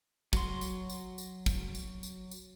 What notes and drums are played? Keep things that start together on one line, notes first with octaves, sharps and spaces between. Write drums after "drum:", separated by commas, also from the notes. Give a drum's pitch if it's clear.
F#3 C6, drum: kick, tambourine
drum: tambourine
drum: tambourine
drum: tambourine
drum: kick, tambourine
drum: tambourine
drum: tambourine
drum: tambourine